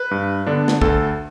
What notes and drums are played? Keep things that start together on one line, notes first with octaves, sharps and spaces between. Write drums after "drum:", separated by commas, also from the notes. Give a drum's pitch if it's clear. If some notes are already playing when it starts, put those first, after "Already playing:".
Already playing: B4
G2
D3 B3 D4
drum: snare
D2 A4, drum: kick